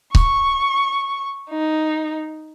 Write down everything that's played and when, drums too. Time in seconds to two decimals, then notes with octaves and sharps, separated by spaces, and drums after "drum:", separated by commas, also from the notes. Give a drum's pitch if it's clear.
0.15 C#6, drum: kick C#1
1.50 D#4